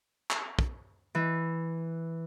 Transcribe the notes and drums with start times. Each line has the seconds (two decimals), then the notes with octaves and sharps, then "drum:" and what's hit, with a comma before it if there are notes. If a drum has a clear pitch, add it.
0.31 drum: clap
0.59 drum: kick
1.15 E3